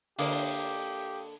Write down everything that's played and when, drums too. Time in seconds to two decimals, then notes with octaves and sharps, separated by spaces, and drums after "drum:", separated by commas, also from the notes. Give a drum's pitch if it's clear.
0.19 D3 A#3 G4 F5 D6 D#6, drum: open hi-hat